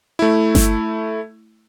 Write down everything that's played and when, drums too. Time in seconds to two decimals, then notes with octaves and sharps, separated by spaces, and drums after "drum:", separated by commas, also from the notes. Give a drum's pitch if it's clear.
0.19 A3 E4
0.55 drum: snare G1